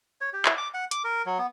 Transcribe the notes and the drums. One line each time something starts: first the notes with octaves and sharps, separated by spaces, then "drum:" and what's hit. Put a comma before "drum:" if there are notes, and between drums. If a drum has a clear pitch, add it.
C#5
G4
E4, drum: clap
D6
F#5
D6, drum: hi-hat
A#4
F#3
B3